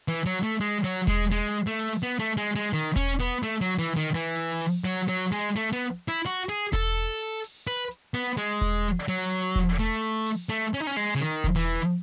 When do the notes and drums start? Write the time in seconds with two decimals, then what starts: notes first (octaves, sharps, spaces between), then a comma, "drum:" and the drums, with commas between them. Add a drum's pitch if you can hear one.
0.08 E3
0.26 F#3
0.43 A3
0.60 G#3
0.84 F#3, drum: hi-hat
1.07 G#3, drum: kick E1, hi-hat
1.32 G#3, drum: hi-hat
1.67 A3
1.79 drum: open hi-hat
2.03 B3, drum: hi-hat
2.19 A3
2.37 G#3
2.56 G#3
2.73 D#3, drum: hi-hat
2.96 C#4, drum: kick E1, hi-hat
3.20 B3, drum: hi-hat
3.43 A3
3.61 F#3
3.79 E3
3.96 D#3
4.15 E3, drum: hi-hat
4.61 drum: open hi-hat
4.85 F#3, drum: hi-hat
5.08 F#3, drum: hi-hat
5.32 G#3, drum: hi-hat
5.56 A3, drum: hi-hat
5.73 B3
6.08 E4
6.26 F#4
6.49 G#4, drum: hi-hat
6.73 A4, drum: kick E1, hi-hat
6.97 drum: hi-hat
7.44 drum: open hi-hat
7.67 B4, drum: hi-hat
7.91 drum: hi-hat
8.14 B3, drum: hi-hat
8.37 G#3
8.61 drum: kick E1, hi-hat
9.08 F#3
9.32 drum: hi-hat
9.56 drum: kick E1, hi-hat
9.79 A3, drum: hi-hat
10.26 drum: open hi-hat
10.49 A3, drum: hi-hat
10.74 C#4, drum: hi-hat
10.80 D#4
10.87 C#4
10.97 G#3, drum: hi-hat
11.15 C#3
11.20 D#3, drum: hi-hat
11.44 drum: kick E1, hi-hat
11.56 E3
11.68 drum: hi-hat